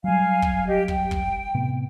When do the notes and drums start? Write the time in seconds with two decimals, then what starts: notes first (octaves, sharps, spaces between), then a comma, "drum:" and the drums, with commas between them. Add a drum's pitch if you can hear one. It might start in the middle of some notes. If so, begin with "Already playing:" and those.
0.04 F#3 G3 F5 G#5
0.42 drum: kick
0.67 G4 D#5
0.88 G5, drum: kick
1.11 drum: kick
1.55 A2 C3 B3